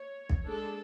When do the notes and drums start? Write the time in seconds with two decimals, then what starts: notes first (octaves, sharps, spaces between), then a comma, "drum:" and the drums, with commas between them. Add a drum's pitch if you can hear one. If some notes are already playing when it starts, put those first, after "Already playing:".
Already playing: C#5
0.29 drum: kick
0.45 G#3 D4 A4